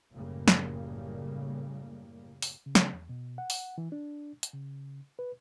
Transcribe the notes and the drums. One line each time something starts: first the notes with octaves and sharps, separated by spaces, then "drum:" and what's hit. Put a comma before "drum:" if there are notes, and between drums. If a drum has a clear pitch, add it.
F#1 A2 C#3 G3 A#3
drum: snare
drum: open hi-hat
C#3
drum: snare
E2
B2
F#5
drum: open hi-hat
E3
D4
drum: hi-hat
C#3
B4